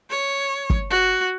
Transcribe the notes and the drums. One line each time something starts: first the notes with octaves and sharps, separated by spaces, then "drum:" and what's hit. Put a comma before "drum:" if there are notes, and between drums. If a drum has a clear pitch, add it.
C#5
drum: kick
F#4